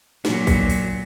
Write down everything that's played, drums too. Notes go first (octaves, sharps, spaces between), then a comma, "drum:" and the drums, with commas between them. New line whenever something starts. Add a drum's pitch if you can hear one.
A#2 F#3, drum: snare
drum: kick, open hi-hat
drum: open hi-hat